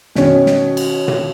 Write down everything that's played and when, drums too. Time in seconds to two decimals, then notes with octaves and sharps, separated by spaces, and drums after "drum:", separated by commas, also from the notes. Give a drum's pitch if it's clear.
0.15 B2 D#3 C#4, drum: snare
0.46 drum: snare
0.77 drum: cymbal
1.08 drum: tom